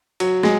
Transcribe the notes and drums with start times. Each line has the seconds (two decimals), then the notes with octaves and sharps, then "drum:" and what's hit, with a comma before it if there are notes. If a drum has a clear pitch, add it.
0.20 F#3, drum: cymbal
0.43 G#3, drum: snare